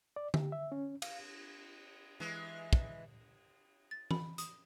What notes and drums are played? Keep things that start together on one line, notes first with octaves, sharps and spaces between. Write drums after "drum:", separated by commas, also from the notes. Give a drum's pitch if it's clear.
D5
G4, drum: tom D3
E5
C#4
F5, drum: cymbal
E3 G#3
drum: kick
A6
B5, drum: tom E3
D#6, drum: hi-hat